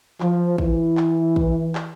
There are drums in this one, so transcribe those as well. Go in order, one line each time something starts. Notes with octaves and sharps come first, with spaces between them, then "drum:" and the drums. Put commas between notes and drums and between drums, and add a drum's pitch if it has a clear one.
F3, drum: clap
E3, drum: kick
drum: clap
drum: kick
drum: clap